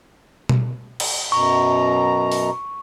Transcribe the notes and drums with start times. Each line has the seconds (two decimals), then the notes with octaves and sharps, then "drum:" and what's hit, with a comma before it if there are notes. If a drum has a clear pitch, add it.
0.49 drum: tom B2
1.00 drum: cymbal
1.32 F#2 B2 A#5 C#6
2.32 drum: open hi-hat